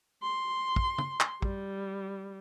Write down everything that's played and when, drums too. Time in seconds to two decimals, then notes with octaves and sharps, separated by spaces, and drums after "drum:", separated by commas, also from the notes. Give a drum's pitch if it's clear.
0.23 C6
0.76 drum: kick
0.98 drum: tom
1.20 drum: clap
1.42 G3, drum: kick